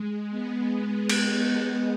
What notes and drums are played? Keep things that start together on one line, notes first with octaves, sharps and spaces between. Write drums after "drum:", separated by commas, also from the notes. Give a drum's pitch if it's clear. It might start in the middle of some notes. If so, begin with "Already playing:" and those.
Already playing: G#3
G#3 B3
drum: cymbal